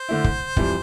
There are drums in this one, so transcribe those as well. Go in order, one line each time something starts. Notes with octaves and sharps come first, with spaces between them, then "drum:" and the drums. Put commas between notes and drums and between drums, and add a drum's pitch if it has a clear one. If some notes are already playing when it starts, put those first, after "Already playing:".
Already playing: C5
D3 A3 E4
drum: kick
F2 E3 G3, drum: kick